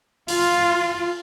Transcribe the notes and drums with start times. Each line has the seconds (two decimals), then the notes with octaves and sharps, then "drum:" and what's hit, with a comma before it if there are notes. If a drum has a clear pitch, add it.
0.28 F4, drum: open hi-hat